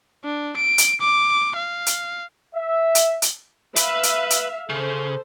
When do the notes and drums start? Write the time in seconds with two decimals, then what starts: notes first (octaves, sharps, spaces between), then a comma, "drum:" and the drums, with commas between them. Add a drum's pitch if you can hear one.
0.25 D4
0.56 D7
0.78 drum: hi-hat
1.01 D6
1.56 F5
1.86 drum: hi-hat
2.55 E5
2.95 drum: hi-hat
3.22 drum: hi-hat
3.76 B4 E5 F5 B5, drum: hi-hat
4.03 drum: hi-hat
4.30 drum: hi-hat
4.70 C#3 A4 C5